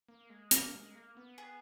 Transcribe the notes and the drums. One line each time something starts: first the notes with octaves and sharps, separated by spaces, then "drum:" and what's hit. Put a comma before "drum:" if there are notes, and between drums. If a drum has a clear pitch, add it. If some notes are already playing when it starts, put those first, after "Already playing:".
A#3
G#3
A#3 A#4, drum: hi-hat
G#3
A#3
B3
G#4